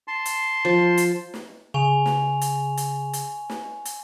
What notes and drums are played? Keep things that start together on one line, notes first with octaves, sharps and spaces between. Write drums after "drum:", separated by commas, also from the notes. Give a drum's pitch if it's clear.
A5 C6
drum: hi-hat
F3
drum: hi-hat
drum: snare
C#3 G#5 C#6 F7
drum: snare
drum: hi-hat
drum: hi-hat
drum: hi-hat
drum: snare
drum: hi-hat